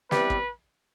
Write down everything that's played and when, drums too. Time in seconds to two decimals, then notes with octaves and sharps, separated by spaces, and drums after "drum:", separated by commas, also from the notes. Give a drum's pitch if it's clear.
0.11 C3 E3 G3 B3 B4, drum: snare
0.30 drum: kick